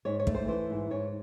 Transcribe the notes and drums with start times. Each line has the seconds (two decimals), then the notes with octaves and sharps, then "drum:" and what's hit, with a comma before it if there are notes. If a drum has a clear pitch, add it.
0.05 G#2 C#5
0.19 C#5
0.27 A3, drum: kick
0.35 C5
0.48 E3 C5
0.70 G#2
0.91 G#2 C#5